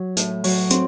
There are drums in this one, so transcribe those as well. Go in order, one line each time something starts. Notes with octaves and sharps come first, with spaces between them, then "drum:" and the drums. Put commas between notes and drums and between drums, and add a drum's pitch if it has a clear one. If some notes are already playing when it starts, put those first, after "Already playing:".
Already playing: F#3
A2, drum: hi-hat
F#3, drum: open hi-hat
C4, drum: hi-hat